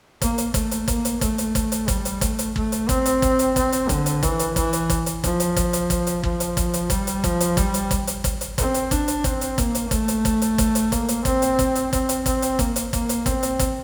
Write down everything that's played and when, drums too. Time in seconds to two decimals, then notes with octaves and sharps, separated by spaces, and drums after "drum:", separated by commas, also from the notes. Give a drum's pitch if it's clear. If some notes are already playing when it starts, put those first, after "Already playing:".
0.22 A#3, drum: kick, hi-hat
0.38 drum: hi-hat
0.54 A3, drum: kick, hi-hat
0.71 drum: hi-hat
0.88 A#3, drum: kick, hi-hat
1.05 drum: hi-hat
1.21 A3, drum: kick, hi-hat
1.38 drum: hi-hat
1.55 drum: kick, hi-hat
1.72 drum: hi-hat
1.88 G3, drum: kick, hi-hat
2.05 drum: hi-hat
2.21 A3, drum: kick, hi-hat
2.39 drum: hi-hat
2.56 A3, drum: kick
2.72 drum: hi-hat
2.89 C4, drum: kick, hi-hat
3.06 drum: hi-hat
3.22 drum: kick, hi-hat
3.39 drum: hi-hat
3.56 C4, drum: kick, hi-hat
3.72 drum: hi-hat
3.89 D3, drum: kick, hi-hat
4.06 drum: hi-hat
4.23 E3, drum: kick, hi-hat
4.39 drum: hi-hat
4.56 E3, drum: kick, hi-hat
4.73 drum: hi-hat
4.90 drum: kick, hi-hat
5.06 drum: hi-hat
5.24 F3, drum: kick, hi-hat
5.40 drum: hi-hat
5.56 drum: kick, hi-hat
5.73 drum: hi-hat
5.90 drum: kick, hi-hat
6.07 drum: hi-hat
6.23 F3, drum: kick
6.40 drum: hi-hat
6.57 drum: kick, hi-hat
6.74 drum: hi-hat
6.90 G3, drum: kick, hi-hat
7.07 drum: hi-hat
7.24 F3, drum: kick, hi-hat
7.40 drum: hi-hat
7.57 G3, drum: kick, hi-hat
7.74 drum: hi-hat
7.91 drum: kick, hi-hat
8.07 drum: hi-hat
8.24 drum: kick, hi-hat
8.41 drum: hi-hat
8.58 C4, drum: kick, hi-hat
8.74 drum: hi-hat
8.91 D4, drum: kick, hi-hat
9.08 drum: hi-hat
9.24 C4, drum: kick, hi-hat
9.41 drum: hi-hat
9.58 A#3, drum: kick, hi-hat
9.75 drum: hi-hat
9.91 A3, drum: kick, hi-hat
10.08 drum: hi-hat
10.25 drum: kick, hi-hat
10.42 drum: hi-hat
10.58 drum: kick, hi-hat
10.75 drum: hi-hat
10.92 A#3, drum: kick, hi-hat
11.08 drum: hi-hat
11.25 C4, drum: kick, hi-hat
11.42 drum: hi-hat
11.59 drum: kick, hi-hat
11.75 drum: hi-hat
11.93 C4, drum: kick, hi-hat
12.09 drum: hi-hat
12.26 C4, drum: kick, hi-hat
12.42 drum: hi-hat
12.59 A#3, drum: kick, hi-hat
12.76 drum: hi-hat
12.93 A#3, drum: kick, hi-hat
13.09 drum: hi-hat
13.26 C4, drum: kick, hi-hat
13.43 drum: hi-hat
13.59 drum: kick, hi-hat